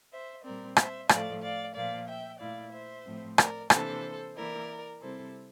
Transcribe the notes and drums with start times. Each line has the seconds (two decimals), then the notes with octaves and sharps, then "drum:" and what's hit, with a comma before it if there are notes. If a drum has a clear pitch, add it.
0.12 C5 E5
0.44 A#2 G3 C4 A#4 D5
0.76 C5 E5, drum: rim click
1.09 A2 F3 A3 D5 F5, drum: rim click
1.42 D5 F5
1.74 A#2 F3 A#3 D5 F5
2.07 E5 G5
2.39 A#2 A3 E4 D5 F5
2.72 C5 E5
3.05 A2 F3 C4
3.38 A#4 D5, drum: rim click
3.70 C3 E3 A#3 D4 A4 C5, drum: rim click
4.35 E3 A#3 E4 A#4 D5
5.01 C3 G3 C4 E4 A4 C5